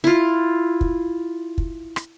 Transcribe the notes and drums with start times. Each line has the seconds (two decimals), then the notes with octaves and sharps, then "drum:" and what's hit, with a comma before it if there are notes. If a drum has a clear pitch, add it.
0.04 E4 F4
0.81 drum: kick
1.58 drum: kick
1.96 drum: rim click